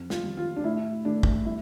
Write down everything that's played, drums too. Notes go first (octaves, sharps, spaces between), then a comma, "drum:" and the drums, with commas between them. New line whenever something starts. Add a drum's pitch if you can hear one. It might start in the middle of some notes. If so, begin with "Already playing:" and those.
Already playing: F2
F4, drum: snare
G3
F4
D4
A2 E4
A3 D4
drum: kick
G3 E4